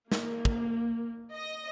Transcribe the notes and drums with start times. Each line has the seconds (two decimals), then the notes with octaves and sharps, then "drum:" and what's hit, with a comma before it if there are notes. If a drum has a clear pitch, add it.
0.12 A#3, drum: snare
0.45 drum: kick
1.35 D#5